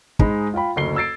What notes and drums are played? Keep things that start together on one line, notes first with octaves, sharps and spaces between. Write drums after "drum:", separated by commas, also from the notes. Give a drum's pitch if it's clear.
G#2 G#3 D#4 G#5 B5, drum: kick
F4 F5 G5 B5
F#1 D2 C7 G7
E6 G#6 A6 C7 D7